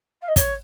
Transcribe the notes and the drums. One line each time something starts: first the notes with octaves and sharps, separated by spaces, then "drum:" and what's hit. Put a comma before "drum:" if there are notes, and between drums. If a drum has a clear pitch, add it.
F5
D#5
C#5, drum: kick, hi-hat